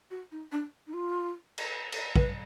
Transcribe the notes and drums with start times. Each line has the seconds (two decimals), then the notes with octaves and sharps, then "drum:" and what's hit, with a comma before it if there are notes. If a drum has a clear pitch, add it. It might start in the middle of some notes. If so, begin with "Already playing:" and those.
0.11 F#4
0.31 D#4
0.52 D4
0.87 D#4
0.93 F4
1.58 drum: cymbal
1.92 drum: cymbal
2.16 B4, drum: kick